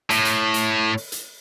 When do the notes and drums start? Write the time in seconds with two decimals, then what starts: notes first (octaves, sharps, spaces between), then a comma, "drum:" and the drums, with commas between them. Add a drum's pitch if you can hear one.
0.10 A2, drum: hi-hat
0.25 drum: hi-hat
0.54 drum: hi-hat
0.97 drum: open hi-hat
1.12 drum: hi-hat